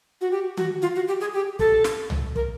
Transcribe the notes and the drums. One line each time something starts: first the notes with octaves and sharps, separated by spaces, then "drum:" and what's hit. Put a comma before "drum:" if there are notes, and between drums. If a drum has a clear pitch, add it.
F#4
G4
F#4, drum: tom D#3
F4
F#4
G4
G#4
G4
A4, drum: kick
drum: snare
drum: tom C2
A#4, drum: kick